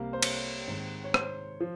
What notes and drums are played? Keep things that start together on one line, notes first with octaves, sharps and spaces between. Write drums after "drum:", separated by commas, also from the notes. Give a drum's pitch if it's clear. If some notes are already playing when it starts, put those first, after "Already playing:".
Already playing: C2 C3 G3 A#3 F5
C5
C#5, drum: cymbal
G#2 D#3 G#3 C4
C#5
C5, drum: rim click
F3